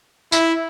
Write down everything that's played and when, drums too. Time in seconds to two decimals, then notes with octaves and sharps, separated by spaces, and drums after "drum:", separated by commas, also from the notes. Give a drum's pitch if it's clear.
0.32 E4, drum: tambourine